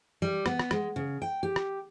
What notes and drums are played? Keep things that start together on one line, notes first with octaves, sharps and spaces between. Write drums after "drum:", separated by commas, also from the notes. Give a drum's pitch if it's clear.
G3
B3, drum: rim click
drum: rim click
G#3, drum: rim click
C#3
G5
G4
drum: rim click